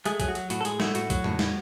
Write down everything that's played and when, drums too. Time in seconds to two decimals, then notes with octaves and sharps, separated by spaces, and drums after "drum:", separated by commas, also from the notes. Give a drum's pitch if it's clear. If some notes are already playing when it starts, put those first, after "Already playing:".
0.05 G#3 A3 G#4, drum: hi-hat
0.20 F#3 G#4, drum: kick, hi-hat
0.28 F#4
0.35 F#3, drum: hi-hat
0.50 A2 F#4, drum: hi-hat
0.61 A4
0.65 A2 G#3 G#4, drum: hi-hat
0.80 A3 F#4, drum: snare
0.95 A2 F#4, drum: hi-hat
1.10 F#3, drum: kick, hi-hat
1.24 A2, drum: tom E2
1.39 A2, drum: snare